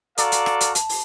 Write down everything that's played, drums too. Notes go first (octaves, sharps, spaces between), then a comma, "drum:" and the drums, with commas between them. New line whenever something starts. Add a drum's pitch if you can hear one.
F#4 A4 D5 F5 A#5, drum: hi-hat
drum: hi-hat
drum: rim click
drum: hi-hat
A5, drum: hi-hat
drum: open hi-hat